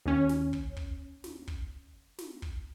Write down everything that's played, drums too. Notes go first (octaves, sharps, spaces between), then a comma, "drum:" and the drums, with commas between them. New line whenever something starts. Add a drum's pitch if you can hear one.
D#2 C#4
drum: snare
drum: kick
drum: kick
drum: snare
drum: kick
drum: snare
drum: kick